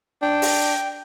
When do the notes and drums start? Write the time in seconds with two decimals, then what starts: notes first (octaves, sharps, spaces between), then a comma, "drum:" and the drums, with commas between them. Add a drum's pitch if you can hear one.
0.22 D4 G5
0.42 drum: open hi-hat